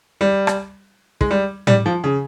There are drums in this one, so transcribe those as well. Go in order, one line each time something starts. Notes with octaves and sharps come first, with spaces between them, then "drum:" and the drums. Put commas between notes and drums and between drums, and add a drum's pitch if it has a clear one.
G3
drum: rim click
G#3, drum: kick
G3
G3, drum: tom A2
F3
C#3